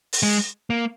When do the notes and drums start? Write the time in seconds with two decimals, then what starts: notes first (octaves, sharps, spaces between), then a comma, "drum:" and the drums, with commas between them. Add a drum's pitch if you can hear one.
0.13 drum: open hi-hat
0.23 G#3
0.70 A#3